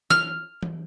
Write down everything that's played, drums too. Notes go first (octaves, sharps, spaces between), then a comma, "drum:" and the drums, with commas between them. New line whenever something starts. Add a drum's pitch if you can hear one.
F6, drum: snare
drum: tom E3